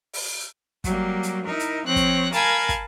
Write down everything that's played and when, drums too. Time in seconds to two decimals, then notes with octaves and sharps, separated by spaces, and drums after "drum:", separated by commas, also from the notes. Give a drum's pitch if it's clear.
0.13 drum: open hi-hat
0.84 F#3 G3 A#3, drum: kick, hi-hat
1.23 drum: hi-hat
1.44 D#4 E4 A#4
1.59 drum: hi-hat
1.84 F3 C4 C#5 F#6 A#6
1.96 drum: kick, hi-hat
2.32 A#4 F5 G#5 A5 B5 G#6, drum: hi-hat
2.69 drum: kick, hi-hat